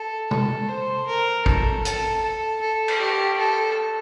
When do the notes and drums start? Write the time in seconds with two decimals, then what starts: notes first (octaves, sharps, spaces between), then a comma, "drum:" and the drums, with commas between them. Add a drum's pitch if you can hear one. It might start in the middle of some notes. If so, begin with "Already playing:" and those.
Already playing: A4
0.31 A4, drum: tom C3
0.69 C5
1.07 A#4
1.46 A4, drum: kick
1.85 A4, drum: hi-hat
2.23 A4
2.61 A4
2.88 drum: cymbal
3.00 G4
3.38 A4